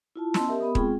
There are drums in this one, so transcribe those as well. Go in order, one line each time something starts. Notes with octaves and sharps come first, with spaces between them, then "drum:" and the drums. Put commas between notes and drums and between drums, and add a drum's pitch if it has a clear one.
E4 F4 A5
B3 C#4 D#5 A5 C6 E6, drum: snare
G4 A#4 D#5 E5
B3 B5 D#6
G#3 C4 F4 G#4 G5 C#6, drum: kick